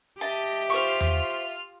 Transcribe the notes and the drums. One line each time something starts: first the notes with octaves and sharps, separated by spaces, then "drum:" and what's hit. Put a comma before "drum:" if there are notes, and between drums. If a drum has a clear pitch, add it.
G4 D#5 E5 A5
F4 C5 C#6 F6
drum: tom E2